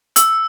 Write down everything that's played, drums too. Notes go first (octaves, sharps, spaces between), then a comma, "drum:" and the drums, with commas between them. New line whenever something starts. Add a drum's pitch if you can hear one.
E6, drum: hi-hat